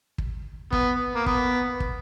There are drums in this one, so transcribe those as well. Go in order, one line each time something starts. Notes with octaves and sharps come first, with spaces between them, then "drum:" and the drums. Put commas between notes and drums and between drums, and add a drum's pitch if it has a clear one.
drum: kick
B3, drum: kick
A#3
B3, drum: kick
drum: kick